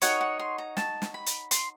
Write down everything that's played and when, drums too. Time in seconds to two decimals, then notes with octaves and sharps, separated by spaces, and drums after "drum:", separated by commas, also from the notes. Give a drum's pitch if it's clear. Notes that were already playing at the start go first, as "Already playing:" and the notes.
0.02 D#4 F#4 A#4 C#5 F#5, drum: hi-hat
0.21 F#5
0.39 C6
0.58 A#5
0.77 A5, drum: snare
1.02 drum: snare
1.14 B5
1.27 drum: hi-hat
1.51 C6, drum: hi-hat